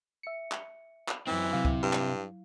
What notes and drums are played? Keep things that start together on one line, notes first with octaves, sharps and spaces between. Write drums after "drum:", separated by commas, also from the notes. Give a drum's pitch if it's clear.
E5 C#7
drum: clap
drum: clap
F#2 E3 C4
C3 F#3 E4 F5
drum: kick C#2
G2
drum: clap